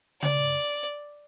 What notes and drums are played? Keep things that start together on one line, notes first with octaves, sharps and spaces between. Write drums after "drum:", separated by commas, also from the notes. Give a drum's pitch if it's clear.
D5, drum: tom C#3